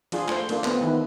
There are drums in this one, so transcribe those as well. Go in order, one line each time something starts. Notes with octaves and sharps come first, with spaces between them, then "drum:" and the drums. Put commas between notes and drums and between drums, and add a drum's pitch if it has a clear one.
F3 D4 F4 G#4, drum: cymbal
A3 C5, drum: clap
A3 A#3 D4 F4, drum: cymbal
B3 C4, drum: clap
D#3 E3 B3 E4